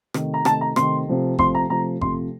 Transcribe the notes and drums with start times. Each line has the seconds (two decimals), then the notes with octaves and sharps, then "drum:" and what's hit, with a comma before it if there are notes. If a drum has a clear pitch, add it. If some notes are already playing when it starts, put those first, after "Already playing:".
0.14 C3 D#3 A3, drum: rim click
0.34 A#5
0.45 C3 D#3 A3 A5, drum: rim click
0.61 A#5
0.76 C3 D#3 A3 C6, drum: rim click
1.07 C3 F3 A3
1.38 C3 F3 A3 C6, drum: kick G1
1.55 A#5
1.70 C3 F3 A3 A#5
2.01 C3 F3 A3 C6, drum: kick G1